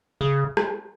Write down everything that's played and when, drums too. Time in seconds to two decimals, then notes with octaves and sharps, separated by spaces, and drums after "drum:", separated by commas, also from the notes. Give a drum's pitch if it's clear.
0.21 C#3
0.57 drum: rim click